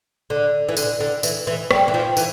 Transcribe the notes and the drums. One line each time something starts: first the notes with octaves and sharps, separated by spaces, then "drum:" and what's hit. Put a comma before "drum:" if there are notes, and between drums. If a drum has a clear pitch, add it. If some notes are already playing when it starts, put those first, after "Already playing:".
D3
E3
D3, drum: tambourine
D3
E3, drum: tambourine
E3
G3, drum: rim click
E3
F3
E3, drum: tambourine